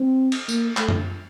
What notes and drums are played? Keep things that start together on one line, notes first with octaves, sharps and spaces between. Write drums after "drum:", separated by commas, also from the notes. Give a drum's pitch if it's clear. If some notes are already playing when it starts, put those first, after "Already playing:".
Already playing: C4
drum: cymbal
A#3, drum: tambourine
A3, drum: clap
drum: tom F#2